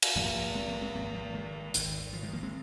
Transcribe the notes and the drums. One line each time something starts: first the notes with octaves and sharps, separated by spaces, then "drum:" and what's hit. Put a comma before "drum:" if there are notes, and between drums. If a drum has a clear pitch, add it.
drum: cymbal
A#1 G#2 F3 A#3
F3 A#3
G#3 C4
F3 A#3
G#3 C4
G#1 G#2 F3 A#3
F3 A#3
D#3 G#3
G#1 G#2, drum: hi-hat
F3
D#3 G#3
F3 A#3
G#3 C4